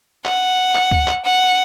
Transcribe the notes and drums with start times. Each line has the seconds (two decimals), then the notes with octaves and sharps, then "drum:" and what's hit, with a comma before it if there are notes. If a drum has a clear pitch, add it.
0.25 F#5, drum: clap
0.75 drum: clap
0.91 drum: kick
1.08 drum: clap
1.25 F#5